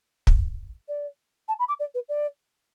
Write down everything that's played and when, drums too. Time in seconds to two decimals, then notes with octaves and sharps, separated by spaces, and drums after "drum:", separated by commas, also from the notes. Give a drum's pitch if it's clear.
0.27 drum: kick
0.88 D5
1.48 A5
1.59 B5
1.68 D6
1.79 D5
1.94 B4
2.08 D5